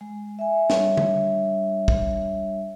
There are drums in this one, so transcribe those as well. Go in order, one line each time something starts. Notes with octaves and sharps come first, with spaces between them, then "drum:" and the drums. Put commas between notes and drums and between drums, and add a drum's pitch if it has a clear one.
G#3
E5 G#5
G3 D4 C#5 E5, drum: snare
drum: tom
drum: kick